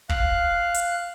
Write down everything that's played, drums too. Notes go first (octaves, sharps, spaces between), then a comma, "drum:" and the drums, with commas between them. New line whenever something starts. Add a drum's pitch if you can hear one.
F5 F#6, drum: kick
drum: hi-hat